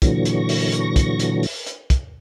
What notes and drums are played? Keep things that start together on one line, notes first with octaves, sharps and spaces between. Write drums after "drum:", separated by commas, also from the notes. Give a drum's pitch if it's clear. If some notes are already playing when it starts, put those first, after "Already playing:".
A#2 D3 E3 F#3 C#6 A#6, drum: kick, hi-hat
drum: hi-hat
drum: open hi-hat
drum: hi-hat
drum: kick, hi-hat
drum: hi-hat
drum: open hi-hat
drum: hi-hat
drum: kick, hi-hat